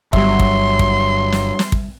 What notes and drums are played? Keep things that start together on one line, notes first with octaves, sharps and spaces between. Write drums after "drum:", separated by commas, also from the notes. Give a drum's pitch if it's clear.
G1 F#3 G3 E5 C6, drum: kick
drum: kick
drum: kick
drum: snare
drum: snare
drum: kick